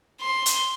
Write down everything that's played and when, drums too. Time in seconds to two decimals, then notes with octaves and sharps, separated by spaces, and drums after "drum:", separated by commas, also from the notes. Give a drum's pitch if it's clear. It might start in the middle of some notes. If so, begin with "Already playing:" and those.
0.20 C6
0.46 drum: hi-hat